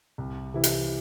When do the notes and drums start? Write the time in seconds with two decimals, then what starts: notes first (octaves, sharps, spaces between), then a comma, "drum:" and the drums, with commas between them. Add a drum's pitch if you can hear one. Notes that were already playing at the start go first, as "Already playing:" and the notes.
0.18 C2
0.54 C3 E3 G3 E4
0.64 drum: hi-hat